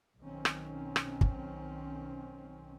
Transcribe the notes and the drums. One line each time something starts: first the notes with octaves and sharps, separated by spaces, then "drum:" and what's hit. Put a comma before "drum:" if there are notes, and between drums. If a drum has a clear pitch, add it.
B1 D#3 C4 C#4
drum: rim click
drum: rim click
drum: kick